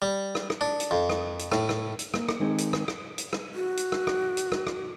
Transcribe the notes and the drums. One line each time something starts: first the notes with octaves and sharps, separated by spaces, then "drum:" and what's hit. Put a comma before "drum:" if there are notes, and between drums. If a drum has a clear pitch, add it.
G3
drum: rim click
drum: rim click
D4
drum: hi-hat
F2
drum: rim click
drum: hi-hat
A2, drum: rim click
drum: rim click
drum: hi-hat
A#3, drum: rim click
drum: rim click
D#3 G#3 C4 D#4
drum: hi-hat
drum: rim click
drum: rim click
drum: hi-hat
drum: rim click
F#4
drum: hi-hat
drum: rim click
drum: rim click
drum: hi-hat
drum: rim click
drum: rim click